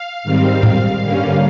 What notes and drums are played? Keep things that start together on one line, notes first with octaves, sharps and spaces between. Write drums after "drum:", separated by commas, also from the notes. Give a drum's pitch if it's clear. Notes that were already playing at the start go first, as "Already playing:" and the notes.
Already playing: F5
G#2 D#3 G3 C4
drum: tom A2
G2 D3 G3 A#3 C#4